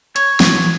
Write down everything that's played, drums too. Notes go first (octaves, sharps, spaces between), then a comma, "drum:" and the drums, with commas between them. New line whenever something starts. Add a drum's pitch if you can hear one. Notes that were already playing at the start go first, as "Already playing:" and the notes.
C#5, drum: hi-hat
drum: snare